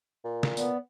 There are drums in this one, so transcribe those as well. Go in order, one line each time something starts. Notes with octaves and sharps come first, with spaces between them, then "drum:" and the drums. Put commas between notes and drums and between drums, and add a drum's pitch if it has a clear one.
A#2
drum: snare
B3 D5, drum: tambourine